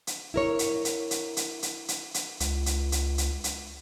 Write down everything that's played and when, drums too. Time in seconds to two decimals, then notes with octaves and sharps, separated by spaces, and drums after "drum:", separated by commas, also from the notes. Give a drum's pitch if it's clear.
0.07 drum: hi-hat
0.34 E4 A#4 C#5
0.59 drum: hi-hat
0.85 drum: hi-hat
1.11 drum: hi-hat
1.37 drum: hi-hat
1.63 drum: hi-hat
1.88 drum: hi-hat
2.14 drum: hi-hat
2.40 C#2, drum: hi-hat
2.66 drum: hi-hat
2.92 drum: hi-hat
3.18 drum: hi-hat
3.44 drum: hi-hat